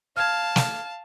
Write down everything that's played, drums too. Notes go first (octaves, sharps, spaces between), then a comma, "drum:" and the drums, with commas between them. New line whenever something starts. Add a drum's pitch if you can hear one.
F5 A5 F6 G#6
drum: snare